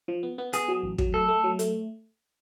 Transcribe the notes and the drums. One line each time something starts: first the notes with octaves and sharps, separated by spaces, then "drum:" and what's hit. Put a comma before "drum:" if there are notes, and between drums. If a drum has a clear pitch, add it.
F3
B3
B3
B3 G#4, drum: hi-hat
F#3
A1
F#3, drum: kick
A3 A4
A3
F#3
A3, drum: hi-hat